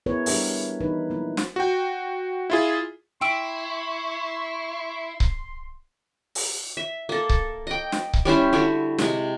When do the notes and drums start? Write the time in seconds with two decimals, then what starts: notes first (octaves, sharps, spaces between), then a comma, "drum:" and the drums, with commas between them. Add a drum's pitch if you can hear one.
0.06 B3 E4 G#4 A#4 B4 C#5
0.26 G3 D4 G4 A#4 B4 E5, drum: open hi-hat
0.81 E3 D#4 A#4 B4
1.10 F#3 A#3 E4
1.37 drum: snare
1.56 F#4 G5
2.50 E4 F4 G#4
3.21 E4 G5 C6 C#6 E6 D7
5.20 drum: kick C#1
6.35 drum: open hi-hat
6.77 E5
7.09 A#3 A4
7.29 drum: kick C#1
7.67 D#5 G5
7.92 drum: snare
8.13 drum: kick C#1
8.25 G3 C#4 E4 C5
8.53 D3 G3 E4 F#4
8.98 C3 G#3, drum: snare